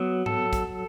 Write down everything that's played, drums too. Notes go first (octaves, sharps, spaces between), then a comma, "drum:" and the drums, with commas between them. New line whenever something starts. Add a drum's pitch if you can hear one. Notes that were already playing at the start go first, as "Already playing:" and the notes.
Already playing: F#3 B3
A4, drum: tom G#2
drum: kick, hi-hat